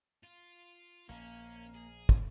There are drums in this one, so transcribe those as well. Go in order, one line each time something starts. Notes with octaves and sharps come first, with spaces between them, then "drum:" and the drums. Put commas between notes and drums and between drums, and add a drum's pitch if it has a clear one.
F4
A#1 A#3 C#4
G#4
drum: kick